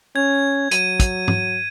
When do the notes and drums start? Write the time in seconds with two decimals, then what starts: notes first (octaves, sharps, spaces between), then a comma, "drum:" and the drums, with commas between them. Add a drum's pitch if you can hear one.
0.16 C#4 G#6
0.71 F#3 D#7, drum: hi-hat
1.00 drum: kick, hi-hat
1.28 drum: tom